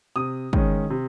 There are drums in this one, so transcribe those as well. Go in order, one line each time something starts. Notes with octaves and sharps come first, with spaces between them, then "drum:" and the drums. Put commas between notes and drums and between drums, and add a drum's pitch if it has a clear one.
C3 D#6
D#3 G#3 C#4, drum: kick
C3